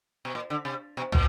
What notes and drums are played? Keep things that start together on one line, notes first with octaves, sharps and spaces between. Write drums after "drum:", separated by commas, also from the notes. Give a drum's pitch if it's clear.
B2
A#2
D3
C3
B2
A#2, drum: tom